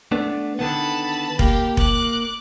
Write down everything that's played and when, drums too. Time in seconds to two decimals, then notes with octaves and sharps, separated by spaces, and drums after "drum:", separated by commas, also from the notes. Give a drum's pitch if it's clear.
0.12 A3 B3 D4
0.59 D3 D#3 B3 A5 B5
1.39 A#3 G4, drum: kick F1
1.77 D6 F#6, drum: kick F1